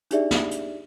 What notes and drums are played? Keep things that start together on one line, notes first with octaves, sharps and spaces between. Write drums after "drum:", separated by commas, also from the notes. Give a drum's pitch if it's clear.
D4 D#4 G4 G#4 D5 E5, drum: hi-hat
drum: snare
drum: hi-hat